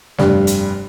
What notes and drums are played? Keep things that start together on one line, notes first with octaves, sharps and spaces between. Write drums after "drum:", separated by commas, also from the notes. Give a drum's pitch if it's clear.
F1 G2, drum: snare
drum: hi-hat